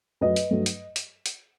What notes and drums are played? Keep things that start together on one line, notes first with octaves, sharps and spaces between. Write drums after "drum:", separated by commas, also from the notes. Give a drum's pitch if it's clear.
F#2 F#3 A3 B4 D#5
drum: hi-hat
G2 F#3 A3
drum: hi-hat
drum: hi-hat
drum: hi-hat